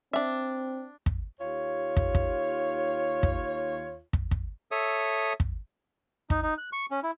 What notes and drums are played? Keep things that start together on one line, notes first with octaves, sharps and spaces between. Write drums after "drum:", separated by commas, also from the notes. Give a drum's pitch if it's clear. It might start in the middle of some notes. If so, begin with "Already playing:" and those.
C4 D4 E5
drum: kick
D#2 F4 C#5
drum: kick
drum: kick
drum: kick
drum: kick
drum: kick
A4 C#5 E5 D#6
drum: kick
D#4, drum: kick
D#4
F#6
C#6
C#4
E4